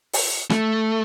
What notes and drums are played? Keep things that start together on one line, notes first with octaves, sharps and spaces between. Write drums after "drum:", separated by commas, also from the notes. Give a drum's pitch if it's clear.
drum: open hi-hat
A3, drum: rim click